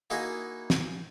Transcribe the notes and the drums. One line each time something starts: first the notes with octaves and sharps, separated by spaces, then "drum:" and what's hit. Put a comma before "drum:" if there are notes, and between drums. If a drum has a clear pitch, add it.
A#3 D#4 E4 F#4 G#4 D#5
drum: snare